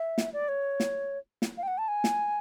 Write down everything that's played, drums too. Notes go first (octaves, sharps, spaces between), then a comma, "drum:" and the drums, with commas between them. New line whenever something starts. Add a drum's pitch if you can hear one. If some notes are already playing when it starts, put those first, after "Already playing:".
Already playing: E5
drum: snare
D5
C#5
drum: snare
drum: snare
F5
G5
F#5
A5
G#5
drum: snare